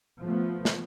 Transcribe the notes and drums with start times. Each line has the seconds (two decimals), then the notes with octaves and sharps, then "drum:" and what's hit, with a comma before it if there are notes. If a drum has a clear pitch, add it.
0.23 F3 A3 B3
0.65 drum: snare